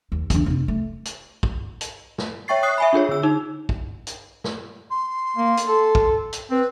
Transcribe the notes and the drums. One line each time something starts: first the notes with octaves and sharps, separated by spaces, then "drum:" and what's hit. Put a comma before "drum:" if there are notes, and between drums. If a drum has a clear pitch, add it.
D#2
E2 D3, drum: kick, hi-hat
F1 C3
A3
drum: hi-hat
drum: kick
drum: hi-hat
drum: snare
C#5 E5 G5 C#6 A6 C7
C#6 D#6 F#6 C7
E5 G#5 B5
D4 F4 G#4 C#5
D3 E6
D#4
drum: kick
drum: hi-hat
drum: snare
C6
A#3
drum: hi-hat
A4
drum: kick
drum: hi-hat
C4 B4